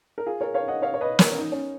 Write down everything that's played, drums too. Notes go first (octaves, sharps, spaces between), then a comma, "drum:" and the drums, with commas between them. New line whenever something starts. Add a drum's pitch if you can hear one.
A#4
F4 G#4
A#4 C#5
C#5 F5
D#5 F#5
C#5 F5
C#5
B4 D#5
A#4 C#5, drum: snare
C#4
D#4
C#4